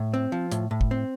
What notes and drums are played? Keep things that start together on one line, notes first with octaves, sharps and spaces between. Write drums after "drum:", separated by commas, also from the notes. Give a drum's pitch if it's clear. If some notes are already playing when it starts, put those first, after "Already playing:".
Already playing: A2
C4
F3
A2, drum: hi-hat
A2
drum: kick
C4